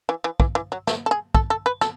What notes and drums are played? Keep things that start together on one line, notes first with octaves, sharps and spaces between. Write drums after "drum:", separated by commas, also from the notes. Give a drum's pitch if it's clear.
E3
E3
E3, drum: kick
E3
F#3
A3, drum: snare
A4
G#4
A4, drum: kick
A4
B4
A4, drum: snare